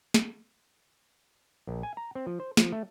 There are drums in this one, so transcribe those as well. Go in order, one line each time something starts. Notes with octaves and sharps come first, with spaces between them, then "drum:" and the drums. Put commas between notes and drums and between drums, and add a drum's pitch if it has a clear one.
drum: snare
A#1
G#5
A#5
C4
F3
C5
F3, drum: snare
A3